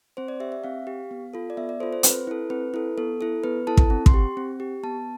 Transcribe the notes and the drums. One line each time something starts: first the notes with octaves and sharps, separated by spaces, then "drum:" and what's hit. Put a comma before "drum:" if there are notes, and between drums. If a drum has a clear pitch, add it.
C4 C5
D5
G4 E5
E5
C4 F5
G4
B3
F4 A4
D5
B3 E5
D5
F4 A4 C5
C5
C4 B4, drum: hi-hat
E4 A4
C4 B4
E4 A4
B3 A4
E4 A4
B3 B4
E4 A4 A5
drum: kick
C4
C6, drum: kick
G4
C4
G4
B3 A5